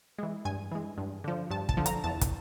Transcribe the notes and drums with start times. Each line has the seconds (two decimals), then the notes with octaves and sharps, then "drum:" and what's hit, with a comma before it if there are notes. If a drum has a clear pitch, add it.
0.18 E3 G#3
0.45 G2 G#5
0.71 E3 G#3
0.98 G2
1.24 D3 F3
1.50 G2 A5
1.69 A5, drum: kick
1.77 D3 F3
1.86 A#5, drum: hi-hat
2.04 E2 A5
2.21 drum: kick, hi-hat